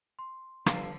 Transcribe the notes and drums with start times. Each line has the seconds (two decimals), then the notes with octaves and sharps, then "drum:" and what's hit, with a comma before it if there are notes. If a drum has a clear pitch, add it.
0.19 C6
0.66 G1 D3 F3 F5 A5, drum: rim click